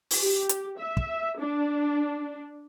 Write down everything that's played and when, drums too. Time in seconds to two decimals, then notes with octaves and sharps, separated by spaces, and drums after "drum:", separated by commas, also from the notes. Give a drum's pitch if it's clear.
0.10 drum: open hi-hat
0.21 G4
0.49 drum: hi-hat
0.79 E5
0.97 drum: kick
1.40 D4